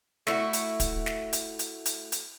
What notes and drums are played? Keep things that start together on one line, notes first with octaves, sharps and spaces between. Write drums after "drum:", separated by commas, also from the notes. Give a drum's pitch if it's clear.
A3 E4 F#4, drum: snare
drum: hi-hat
drum: kick, hi-hat
drum: snare
drum: hi-hat
drum: hi-hat
drum: hi-hat
drum: hi-hat